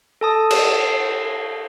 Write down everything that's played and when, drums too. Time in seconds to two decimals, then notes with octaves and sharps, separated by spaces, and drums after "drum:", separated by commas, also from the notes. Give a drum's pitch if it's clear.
0.21 A4 A5 D#6
0.51 drum: cymbal